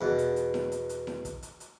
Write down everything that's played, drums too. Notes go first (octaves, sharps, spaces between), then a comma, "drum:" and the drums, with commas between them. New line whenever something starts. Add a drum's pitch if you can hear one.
E2 B2
drum: hi-hat
drum: hi-hat
drum: snare E4
drum: hi-hat
drum: hi-hat
drum: snare E4
drum: kick, hi-hat
drum: hi-hat
drum: hi-hat